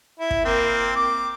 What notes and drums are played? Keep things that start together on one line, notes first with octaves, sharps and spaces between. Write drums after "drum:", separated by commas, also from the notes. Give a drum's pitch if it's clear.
E4
drum: kick
A#3 C4
D6